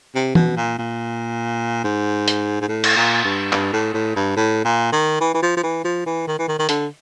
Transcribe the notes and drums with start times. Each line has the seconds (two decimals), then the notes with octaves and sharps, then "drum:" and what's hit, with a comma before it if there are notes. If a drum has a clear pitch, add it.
0.15 C3
0.35 B2, drum: tom
0.57 A#2
0.78 A#2
1.84 G#2
2.28 drum: hi-hat
2.61 G#2
2.68 A2
2.84 drum: cymbal
2.96 A#2
3.24 G2
3.52 G2, drum: clap
3.73 A2
3.94 A2
4.16 G2
4.36 A2
4.64 A#2
4.92 D#3
5.21 E3
5.34 E3
5.42 F3
5.57 F3
5.63 E3
5.84 F3
6.06 E3
6.27 D#3
6.38 E3
6.48 D#3
6.59 D#3
6.69 D3, drum: hi-hat